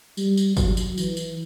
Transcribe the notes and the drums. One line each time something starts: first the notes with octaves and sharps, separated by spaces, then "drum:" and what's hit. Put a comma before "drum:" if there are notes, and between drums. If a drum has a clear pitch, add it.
G3, drum: tambourine
drum: tambourine
F#3, drum: kick G1, tambourine
drum: tambourine
E3, drum: tambourine
drum: tambourine